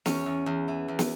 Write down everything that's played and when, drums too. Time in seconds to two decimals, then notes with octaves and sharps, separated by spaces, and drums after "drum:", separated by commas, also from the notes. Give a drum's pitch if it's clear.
0.06 E2 C#4, drum: snare
0.26 E2
0.46 E2
0.68 E3
0.88 E2
0.99 drum: snare